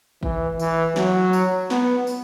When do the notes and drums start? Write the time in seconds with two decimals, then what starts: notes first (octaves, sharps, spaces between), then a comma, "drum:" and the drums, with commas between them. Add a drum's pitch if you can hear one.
0.23 E3, drum: kick
0.59 E3, drum: tambourine
0.96 F#3, drum: snare
1.33 drum: tambourine
1.70 B3, drum: snare
2.07 drum: tambourine